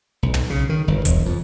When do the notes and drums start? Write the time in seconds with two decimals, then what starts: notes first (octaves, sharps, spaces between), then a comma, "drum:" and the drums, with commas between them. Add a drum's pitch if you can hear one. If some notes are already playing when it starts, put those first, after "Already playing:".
0.23 B1
0.34 drum: tom
0.50 C#3
0.69 D#3
0.88 G1
1.05 E1, drum: kick, hi-hat
1.25 F2